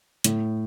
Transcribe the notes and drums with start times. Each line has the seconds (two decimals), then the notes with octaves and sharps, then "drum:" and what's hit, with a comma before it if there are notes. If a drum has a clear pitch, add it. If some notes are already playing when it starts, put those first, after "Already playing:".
0.24 A2, drum: hi-hat